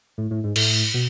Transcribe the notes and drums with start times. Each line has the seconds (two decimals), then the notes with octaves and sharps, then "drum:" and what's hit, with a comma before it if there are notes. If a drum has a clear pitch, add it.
0.18 A2
0.31 A2
0.44 G#2
0.56 A2, drum: cymbal
0.94 B2